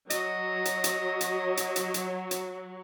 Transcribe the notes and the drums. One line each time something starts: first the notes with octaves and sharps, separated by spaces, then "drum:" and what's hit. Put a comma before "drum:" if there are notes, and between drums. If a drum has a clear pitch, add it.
F#3 D#5, drum: hi-hat
drum: hi-hat
drum: hi-hat
drum: hi-hat
drum: hi-hat
drum: hi-hat
drum: hi-hat
drum: hi-hat